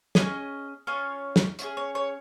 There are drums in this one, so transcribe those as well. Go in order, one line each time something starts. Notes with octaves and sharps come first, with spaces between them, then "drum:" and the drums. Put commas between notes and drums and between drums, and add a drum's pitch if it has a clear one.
C#4 F4 G#4 D#5 G#5, drum: snare
C#4 F4 G#4 C#5 F5
drum: snare
C#4 F4 G#4, drum: hi-hat
C#5
C#5